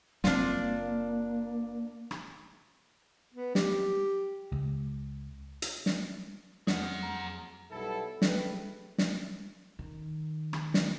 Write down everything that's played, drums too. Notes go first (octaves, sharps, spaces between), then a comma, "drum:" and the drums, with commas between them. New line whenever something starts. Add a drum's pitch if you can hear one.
F#1 B2 A#3 C4 D4 F4, drum: snare
drum: rim click
B3
G4, drum: snare
C#2
drum: hi-hat
drum: snare
F2 F#3 G#4 F#5 F6, drum: snare
A#5
B1 G3 B3 E4 A4
G#3 A3 G4 B4, drum: snare
drum: snare
D#3
drum: rim click
drum: snare